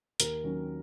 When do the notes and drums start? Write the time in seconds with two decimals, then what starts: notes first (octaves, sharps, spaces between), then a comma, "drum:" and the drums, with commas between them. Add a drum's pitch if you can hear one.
0.20 D#2 A#4, drum: hi-hat
0.44 D#3 F#3 C#4